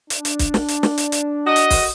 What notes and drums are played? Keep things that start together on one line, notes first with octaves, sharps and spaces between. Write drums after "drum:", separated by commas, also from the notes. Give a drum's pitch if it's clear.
D4, drum: hi-hat
drum: hi-hat
drum: kick, hi-hat
drum: snare
drum: hi-hat
drum: snare
drum: hi-hat
drum: hi-hat
F#4 D#5
drum: hi-hat
drum: kick, open hi-hat